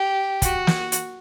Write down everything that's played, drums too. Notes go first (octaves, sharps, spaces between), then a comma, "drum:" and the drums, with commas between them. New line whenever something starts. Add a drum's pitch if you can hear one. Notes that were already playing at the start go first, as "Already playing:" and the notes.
Already playing: G4
F#4, drum: kick, hi-hat
drum: snare
drum: hi-hat